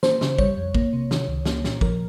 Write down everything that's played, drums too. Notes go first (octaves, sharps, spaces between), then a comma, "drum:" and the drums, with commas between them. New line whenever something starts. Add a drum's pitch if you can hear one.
A#3 C5, drum: snare
C#3, drum: snare
G3 C#5, drum: kick G#1
F2
A#3, drum: kick G#1
C3
D#3, drum: snare
C#2
A#3, drum: snare
A#2, drum: snare
F3 A#4, drum: kick G#1